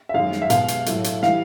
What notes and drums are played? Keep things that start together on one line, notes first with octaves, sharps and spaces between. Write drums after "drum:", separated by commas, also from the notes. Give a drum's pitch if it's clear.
E5
F#2 D#3 G#3 F5
drum: snare
E5
B2 G#3 F5, drum: hi-hat
drum: hi-hat
A2 F#3 A3, drum: hi-hat
drum: hi-hat
E3 G3 F5, drum: snare